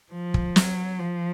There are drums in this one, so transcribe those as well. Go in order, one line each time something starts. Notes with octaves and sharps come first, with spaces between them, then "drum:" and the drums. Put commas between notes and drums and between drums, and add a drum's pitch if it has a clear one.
F3
drum: kick
F#3, drum: snare
F3